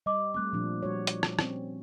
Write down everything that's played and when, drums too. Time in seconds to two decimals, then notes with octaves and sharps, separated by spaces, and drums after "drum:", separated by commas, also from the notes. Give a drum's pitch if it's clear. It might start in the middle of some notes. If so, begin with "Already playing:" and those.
0.06 G3 D#5 D6
0.34 G3 A3 C4 D6 F#6
0.53 A#2 F3 D4
0.83 G3 F#4 C#5
1.07 drum: hi-hat
1.23 drum: rim click
1.39 C4 C#4, drum: rim click